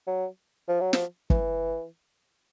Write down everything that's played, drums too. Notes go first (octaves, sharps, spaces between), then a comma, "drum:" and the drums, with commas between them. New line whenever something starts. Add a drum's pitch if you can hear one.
F#3
F3
F#3
F3, drum: snare
E3, drum: kick